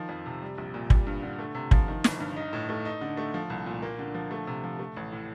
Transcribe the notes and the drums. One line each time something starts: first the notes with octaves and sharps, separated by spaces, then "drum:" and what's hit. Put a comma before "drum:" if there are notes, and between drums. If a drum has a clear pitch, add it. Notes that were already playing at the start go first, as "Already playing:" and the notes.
Already playing: D#3 F3
F2
C3
G3
A#1
A#2
G3, drum: kick
G2
D3
A3
C3
F3, drum: kick
D#3
G1, drum: snare
G2
D#4
A2
A3
D#4
D3
A3
F3
C2
A#2
A#3
D3
F3
A3
C3
F3
A3
A1
A2